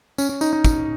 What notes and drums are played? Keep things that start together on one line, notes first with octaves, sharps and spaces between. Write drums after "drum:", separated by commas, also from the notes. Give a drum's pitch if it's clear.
C#4, drum: tambourine
C#4
D#4, drum: tambourine
D#4
drum: kick, tambourine